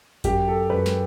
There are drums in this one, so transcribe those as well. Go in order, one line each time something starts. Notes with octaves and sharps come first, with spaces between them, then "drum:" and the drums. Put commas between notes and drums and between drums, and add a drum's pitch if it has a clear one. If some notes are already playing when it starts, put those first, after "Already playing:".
F#2 G4, drum: kick G#1, hi-hat
A4
F#2 B4
drum: snare